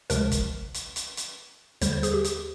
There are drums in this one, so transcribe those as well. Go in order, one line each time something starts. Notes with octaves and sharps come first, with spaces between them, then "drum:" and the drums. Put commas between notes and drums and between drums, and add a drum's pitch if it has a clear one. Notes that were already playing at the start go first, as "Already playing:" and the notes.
D2 C3 F3 G#3 A#4, drum: hi-hat
drum: kick, hi-hat
drum: hi-hat
drum: hi-hat
drum: hi-hat
D#2 D3 G3 C5, drum: hi-hat
C5
G#4, drum: hi-hat
G4
drum: hi-hat